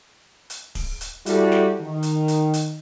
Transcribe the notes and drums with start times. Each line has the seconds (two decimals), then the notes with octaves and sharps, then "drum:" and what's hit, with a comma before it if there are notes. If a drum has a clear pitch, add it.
0.50 drum: hi-hat
0.75 drum: kick D1, open hi-hat
1.01 drum: hi-hat
1.26 G3 E4 F#4 G4 A4, drum: hi-hat
1.52 drum: snare
1.80 D#3
2.03 drum: hi-hat
2.28 drum: hi-hat
2.53 drum: hi-hat